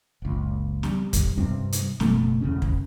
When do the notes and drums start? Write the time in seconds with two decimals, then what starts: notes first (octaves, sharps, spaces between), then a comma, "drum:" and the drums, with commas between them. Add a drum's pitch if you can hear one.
0.22 F#1 C#2
0.83 G3, drum: snare
1.13 drum: kick, hi-hat
1.37 G2 C3 G3 C4
1.72 drum: hi-hat
2.00 F#1 B2 A3, drum: snare
2.41 G#1 E2 C#3 C#4
2.62 drum: kick